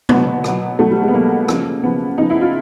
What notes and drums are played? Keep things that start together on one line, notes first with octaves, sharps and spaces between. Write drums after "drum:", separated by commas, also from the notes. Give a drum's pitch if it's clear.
B2 F#3 B3, drum: tom
B2 F#3, drum: rim click
B2 F#3 A3
G3
G#3
B3
B2 F#3 A#3
C#3 F3, drum: rim click
C#3 F3 B3
C#3 F3 D#4
E4
F4